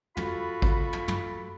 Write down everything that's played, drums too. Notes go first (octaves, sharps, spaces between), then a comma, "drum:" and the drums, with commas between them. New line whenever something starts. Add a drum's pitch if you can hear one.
F4 F#4 A4 B5, drum: tom
drum: kick
drum: tom
drum: tom